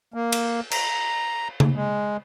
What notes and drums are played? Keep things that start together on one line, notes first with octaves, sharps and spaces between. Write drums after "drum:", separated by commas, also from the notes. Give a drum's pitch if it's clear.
A#3
drum: cymbal
A#5, drum: cymbal
drum: tom C#3
G#3